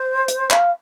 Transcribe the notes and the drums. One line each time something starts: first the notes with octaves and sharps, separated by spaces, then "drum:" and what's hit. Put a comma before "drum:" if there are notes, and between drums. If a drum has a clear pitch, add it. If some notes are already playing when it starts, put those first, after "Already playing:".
Already playing: C5
drum: hi-hat
F5, drum: clap